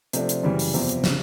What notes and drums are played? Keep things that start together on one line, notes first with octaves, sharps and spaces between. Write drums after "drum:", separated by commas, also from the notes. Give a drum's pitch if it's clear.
C3 F3 A3 D4, drum: hi-hat
drum: hi-hat
F#2 C#3 E3 G3
drum: open hi-hat
E2 C3 F3, drum: open hi-hat
drum: hi-hat
C#3, drum: snare